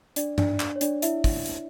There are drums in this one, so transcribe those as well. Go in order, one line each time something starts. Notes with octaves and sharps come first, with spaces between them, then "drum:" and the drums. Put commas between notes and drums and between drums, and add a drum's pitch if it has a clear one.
D4 D5, drum: hi-hat
D4 D5, drum: tom G2
drum: clap
C#5
D4 D5, drum: hi-hat
E4 E5, drum: hi-hat
drum: kick, open hi-hat
drum: hi-hat